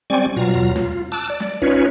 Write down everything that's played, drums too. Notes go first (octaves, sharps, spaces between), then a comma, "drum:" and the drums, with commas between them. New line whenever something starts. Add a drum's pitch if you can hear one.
G3 C4 D5 G#5 C#6
B2 F#3 F4 A#5
drum: tom
F4, drum: snare
A5 D6 E6 F#6
D5
drum: snare
C#4 D#4 F4 B4 C#5, drum: kick